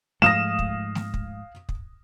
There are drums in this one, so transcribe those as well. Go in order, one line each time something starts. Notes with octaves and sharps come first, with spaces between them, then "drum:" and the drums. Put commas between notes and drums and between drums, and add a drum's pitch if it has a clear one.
G#2 F3 A3 F5 D#6 A#6 E7
drum: kick
drum: snare A3
drum: kick
drum: kick